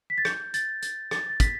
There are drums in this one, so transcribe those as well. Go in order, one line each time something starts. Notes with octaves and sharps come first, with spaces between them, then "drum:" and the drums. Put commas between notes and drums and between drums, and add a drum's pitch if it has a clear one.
B6
A6
G6, drum: rim click
A6, drum: hi-hat
A6, drum: hi-hat
A6, drum: rim click
A6
B6, drum: kick, hi-hat